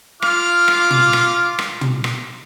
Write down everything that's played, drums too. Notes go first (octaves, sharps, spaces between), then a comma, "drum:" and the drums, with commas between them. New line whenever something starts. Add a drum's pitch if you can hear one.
F4 D6 F6, drum: rim click
drum: rim click
drum: tom
drum: rim click
drum: rim click
drum: tom
drum: rim click